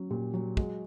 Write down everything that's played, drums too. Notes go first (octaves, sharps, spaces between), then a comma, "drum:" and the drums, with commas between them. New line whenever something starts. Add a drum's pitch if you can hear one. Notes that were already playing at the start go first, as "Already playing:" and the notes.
Already playing: F#3 C#4
A#2 G4
F#3
G#3 F#4, drum: kick